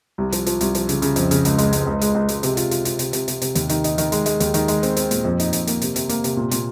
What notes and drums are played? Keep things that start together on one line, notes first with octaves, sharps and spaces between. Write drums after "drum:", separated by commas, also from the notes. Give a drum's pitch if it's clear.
C2
F3, drum: hi-hat
F3, drum: hi-hat
C2, drum: hi-hat
F3, drum: hi-hat
C#3, drum: hi-hat
C#3, drum: hi-hat
F2, drum: hi-hat
C#3, drum: hi-hat
C#2, drum: hi-hat
G#3, drum: hi-hat
C#2, drum: hi-hat
C#2
G#3, drum: hi-hat
C#2
G#3, drum: hi-hat
C3, drum: hi-hat
F4, drum: hi-hat
F4, drum: hi-hat
F4, drum: hi-hat
C3, drum: hi-hat
C3, drum: hi-hat
C3, drum: hi-hat
C3, drum: hi-hat
D#2, drum: hi-hat
D#3, drum: hi-hat
D#4, drum: hi-hat
D#3, drum: hi-hat
G#3, drum: hi-hat
G#3, drum: hi-hat
D#2, drum: hi-hat
D#3, drum: hi-hat
G#3, drum: hi-hat
C4, drum: hi-hat
C4, drum: hi-hat
A#2, drum: hi-hat
F2
D#4, drum: hi-hat
F2, drum: hi-hat
A#3, drum: hi-hat
C3, drum: hi-hat
C3, drum: hi-hat
A#3, drum: hi-hat
C3, drum: hi-hat
A#2
A#2, drum: hi-hat